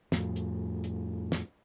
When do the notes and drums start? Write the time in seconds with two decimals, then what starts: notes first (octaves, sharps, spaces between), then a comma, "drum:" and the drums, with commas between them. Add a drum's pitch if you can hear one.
0.12 F2 A2, drum: snare
0.36 drum: hi-hat
0.84 drum: hi-hat
1.32 drum: snare